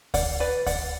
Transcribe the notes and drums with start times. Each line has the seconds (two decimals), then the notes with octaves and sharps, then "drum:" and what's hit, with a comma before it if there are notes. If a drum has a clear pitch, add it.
0.14 D5 F#5, drum: kick D2, open hi-hat
0.40 B4 D5
0.66 D5 F#5, drum: kick D2, open hi-hat